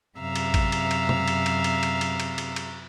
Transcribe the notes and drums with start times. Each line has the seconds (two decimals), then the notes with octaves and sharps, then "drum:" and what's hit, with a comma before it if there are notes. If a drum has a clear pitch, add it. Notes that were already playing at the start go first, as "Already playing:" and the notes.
0.17 F#2 C3 E5 F5 A#5
0.36 drum: cymbal
0.54 drum: kick, cymbal
0.72 drum: cymbal
0.91 drum: cymbal
1.09 drum: tom
1.28 drum: cymbal
1.46 drum: cymbal
1.64 drum: cymbal
1.83 drum: cymbal
2.01 drum: cymbal
2.20 drum: cymbal
2.38 drum: cymbal
2.56 drum: cymbal